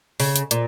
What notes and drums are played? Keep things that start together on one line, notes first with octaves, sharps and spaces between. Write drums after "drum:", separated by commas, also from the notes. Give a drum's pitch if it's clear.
C#3, drum: open hi-hat
drum: hi-hat
A#2, drum: hi-hat